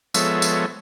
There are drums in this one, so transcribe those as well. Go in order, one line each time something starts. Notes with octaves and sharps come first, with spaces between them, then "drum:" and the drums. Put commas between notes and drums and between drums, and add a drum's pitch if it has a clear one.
F3 G#3 B3 A4 C#5 E5, drum: tambourine
drum: tambourine